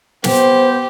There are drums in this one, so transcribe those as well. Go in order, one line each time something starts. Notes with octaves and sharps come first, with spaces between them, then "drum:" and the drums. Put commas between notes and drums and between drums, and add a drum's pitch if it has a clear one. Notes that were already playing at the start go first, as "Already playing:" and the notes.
B3 G4 C5, drum: snare